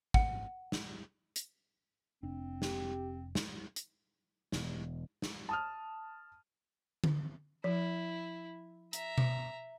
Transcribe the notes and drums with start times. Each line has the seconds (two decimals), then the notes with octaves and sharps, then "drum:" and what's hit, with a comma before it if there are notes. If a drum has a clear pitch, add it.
0.14 F#5, drum: kick
0.72 drum: snare
1.36 drum: hi-hat
2.23 F1 C4 D4
2.62 G4, drum: snare
3.35 drum: snare
3.76 drum: hi-hat
4.52 E1, drum: snare
5.22 drum: snare
5.49 A5 D#6 F6
7.04 drum: tom D3
7.64 F3 E4
8.93 E5 A#5, drum: hi-hat
9.18 drum: tom B2